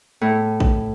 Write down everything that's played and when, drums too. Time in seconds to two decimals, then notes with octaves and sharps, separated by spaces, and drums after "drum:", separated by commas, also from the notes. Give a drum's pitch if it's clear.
0.21 A2
0.60 drum: kick A1